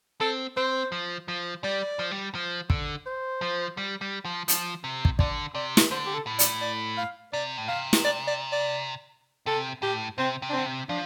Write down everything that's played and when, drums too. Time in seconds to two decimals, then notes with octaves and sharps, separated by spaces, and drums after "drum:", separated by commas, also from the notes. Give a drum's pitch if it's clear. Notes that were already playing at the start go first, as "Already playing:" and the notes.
0.21 C4 A4
0.57 C4 C5
0.92 F3
1.28 F3
1.64 G3 D5
1.99 F3
2.11 G3
2.35 F3
2.70 D3, drum: kick
3.06 C5
3.42 F3
3.77 G3
4.01 G3
4.25 F3
4.48 F3, drum: hi-hat
4.84 C3
5.05 drum: kick
5.19 D3 D5, drum: kick
5.55 C3 D5
5.77 drum: snare
5.91 D3 C5
6.06 G4
6.14 A4
6.27 A2
6.39 D5, drum: hi-hat
6.62 D5
6.98 F5
7.33 C3 D5
7.57 A2
7.68 C3 F5
7.93 drum: snare
8.05 D5
8.28 D5
8.52 D5
9.46 C3 A4
9.82 A2 G4
10.18 C3 C4
10.42 C3
10.49 D4
10.53 D3 C4
10.66 C3
10.89 F3 D4